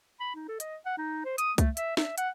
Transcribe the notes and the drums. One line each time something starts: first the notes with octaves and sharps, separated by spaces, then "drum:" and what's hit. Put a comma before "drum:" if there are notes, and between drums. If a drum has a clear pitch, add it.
B5
D#4
A4
D#5, drum: hi-hat
F#5
D#4
C5
D#6, drum: hi-hat
A3, drum: kick C2, hi-hat
E5, drum: hi-hat
E5, drum: snare
F#5, drum: hi-hat